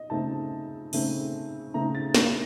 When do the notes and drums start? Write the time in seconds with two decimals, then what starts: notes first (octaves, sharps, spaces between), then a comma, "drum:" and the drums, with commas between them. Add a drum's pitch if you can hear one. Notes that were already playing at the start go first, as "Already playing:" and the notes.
Already playing: D#5
0.10 C#3 A3 C4 D#4 A5
0.93 C#3 A3 C4 D#4, drum: open hi-hat
1.74 C#3 A3 C4 D#4 A#5
1.95 A6
2.15 A#6, drum: snare